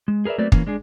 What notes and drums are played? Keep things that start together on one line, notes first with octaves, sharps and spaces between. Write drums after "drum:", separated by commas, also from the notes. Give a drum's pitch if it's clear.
G#3
G#4 A#4 B4 D5 E5
F#3 A3 A#3 C4 B4 D5
E3 A#3 C#4, drum: kick
G#3 D4 G#4